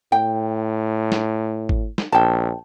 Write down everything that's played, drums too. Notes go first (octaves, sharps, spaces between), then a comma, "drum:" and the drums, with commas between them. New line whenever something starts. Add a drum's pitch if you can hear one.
A2 G5
drum: snare
drum: kick G#1
drum: snare
A#1 G5 A5